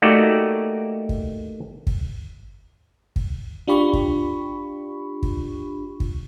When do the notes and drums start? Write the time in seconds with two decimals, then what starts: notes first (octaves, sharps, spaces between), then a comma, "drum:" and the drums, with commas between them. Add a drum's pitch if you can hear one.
0.02 A3 A#3 D#4 F#4 G4 D5
1.09 drum: kick
1.87 drum: kick
3.16 drum: kick
3.68 D4 F4 G4 B5 C#6
3.93 drum: kick
5.23 drum: kick
6.00 drum: kick